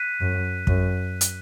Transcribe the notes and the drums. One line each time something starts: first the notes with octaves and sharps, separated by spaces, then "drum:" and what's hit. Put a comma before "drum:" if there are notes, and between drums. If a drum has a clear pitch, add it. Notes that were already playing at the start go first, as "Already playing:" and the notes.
Already playing: F#6 B6 D#7
F#2
F#2, drum: kick
drum: hi-hat